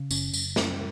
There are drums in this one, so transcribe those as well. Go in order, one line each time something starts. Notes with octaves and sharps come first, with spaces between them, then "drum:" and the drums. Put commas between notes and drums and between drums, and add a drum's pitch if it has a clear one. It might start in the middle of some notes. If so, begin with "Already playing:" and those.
Already playing: C#3
F#1 C#4, drum: tambourine
F#1, drum: tambourine
F#2 C#4, drum: snare